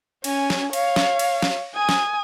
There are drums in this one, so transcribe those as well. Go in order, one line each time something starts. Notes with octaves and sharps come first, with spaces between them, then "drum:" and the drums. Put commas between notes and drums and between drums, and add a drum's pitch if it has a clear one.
C#4 G#5, drum: cymbal
drum: snare
C#5 F5, drum: cymbal
drum: snare
drum: cymbal
drum: snare
G#5 D#6
drum: snare